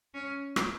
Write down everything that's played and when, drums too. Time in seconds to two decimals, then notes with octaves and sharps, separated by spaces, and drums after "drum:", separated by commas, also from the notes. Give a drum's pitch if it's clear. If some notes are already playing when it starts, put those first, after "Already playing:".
0.14 C#4
0.56 drum: rim click